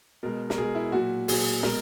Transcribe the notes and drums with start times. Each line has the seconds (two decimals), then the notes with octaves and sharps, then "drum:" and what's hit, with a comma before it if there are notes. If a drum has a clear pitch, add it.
0.23 B2 G#3 A#4
0.50 A#4, drum: snare
0.58 B2 G#3 G#4
0.75 E4
0.92 A#2 F#3 F#4
1.28 A#2 F#3 G#4, drum: open hi-hat
1.63 B2 G#3 A#4, drum: snare